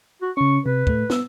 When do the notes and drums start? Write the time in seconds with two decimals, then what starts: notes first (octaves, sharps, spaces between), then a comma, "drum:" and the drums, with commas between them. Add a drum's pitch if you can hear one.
0.22 F#4
0.37 C#3 C#4 C#6
0.66 C3 B4
0.87 A2 A3, drum: kick
1.10 B3 E6, drum: snare